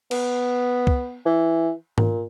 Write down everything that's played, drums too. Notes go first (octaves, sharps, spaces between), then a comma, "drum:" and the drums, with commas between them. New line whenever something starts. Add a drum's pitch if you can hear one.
B3, drum: cymbal
drum: kick
E3
A#2, drum: tom G#2